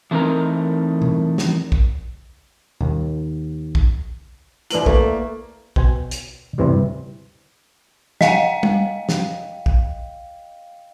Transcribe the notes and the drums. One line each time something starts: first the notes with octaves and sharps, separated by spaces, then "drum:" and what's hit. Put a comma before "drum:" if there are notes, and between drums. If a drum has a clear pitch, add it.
E3 A3 C4 D#4 A#4 A#5
drum: tom B2
drum: snare
drum: kick
D#2, drum: tom B2
drum: kick
A#1 E4 B4 D5 F#7, drum: hi-hat
A3 A#3, drum: kick
B2 C5 G5 G#5, drum: kick
drum: hi-hat
D2 G2 C3 E3 G3 C4
D#5 F5 G5, drum: snare
drum: tom G3
drum: snare
drum: kick